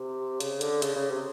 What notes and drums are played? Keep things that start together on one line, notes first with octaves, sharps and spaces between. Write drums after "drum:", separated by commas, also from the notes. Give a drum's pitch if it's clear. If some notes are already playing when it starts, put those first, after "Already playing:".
Already playing: C3
C#3, drum: hi-hat
D3, drum: hi-hat
C#3, drum: hi-hat
C#3
C3